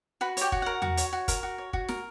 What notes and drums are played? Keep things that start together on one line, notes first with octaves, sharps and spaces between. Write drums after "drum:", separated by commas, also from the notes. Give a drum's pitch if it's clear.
F#4 B4 B5
G4 C#5 G5, drum: hi-hat
F#4, drum: kick
A#4 F#5
F#4, drum: tom E2
C#5, drum: hi-hat
F#4
A#4, drum: kick, hi-hat
F#4
C#5
F#4, drum: kick
A#4, drum: snare